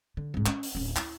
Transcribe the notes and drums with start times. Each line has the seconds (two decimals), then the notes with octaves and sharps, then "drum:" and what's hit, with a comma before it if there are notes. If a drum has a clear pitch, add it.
0.17 D3
0.34 C2 G#2
0.46 C#4, drum: clap
0.63 drum: open hi-hat
0.75 D1 C#4
0.96 E4, drum: clap